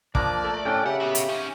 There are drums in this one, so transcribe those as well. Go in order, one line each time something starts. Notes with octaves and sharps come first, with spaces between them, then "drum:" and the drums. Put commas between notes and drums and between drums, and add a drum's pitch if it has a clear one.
F3 A#3 D4 D5, drum: kick
A3
A2 C#4 D4 A4 G5
C#3 G4 E5 F#5
B3 F#4
drum: hi-hat
C#4 D#4